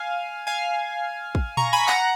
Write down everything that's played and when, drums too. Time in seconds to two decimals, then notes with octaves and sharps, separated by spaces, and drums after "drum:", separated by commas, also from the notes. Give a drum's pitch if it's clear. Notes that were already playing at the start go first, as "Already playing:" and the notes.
Already playing: F5 G#5
0.47 F5 G#5
1.35 drum: kick
1.57 A#5 C#6, drum: tom A#2
1.73 G#5 B5
1.87 F#5 A#5, drum: clap